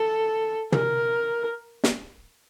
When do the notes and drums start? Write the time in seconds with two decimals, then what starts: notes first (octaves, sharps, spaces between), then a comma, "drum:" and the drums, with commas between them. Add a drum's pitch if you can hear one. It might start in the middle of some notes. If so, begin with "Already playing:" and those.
Already playing: A4
0.72 A#4, drum: tom
1.84 drum: snare